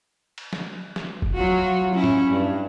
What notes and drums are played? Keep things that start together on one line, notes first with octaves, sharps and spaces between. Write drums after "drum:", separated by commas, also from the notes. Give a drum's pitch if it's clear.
drum: cymbal
drum: snare
drum: snare
drum: kick
F#3 F4 F#4
C#4 E4
drum: tom A2
G2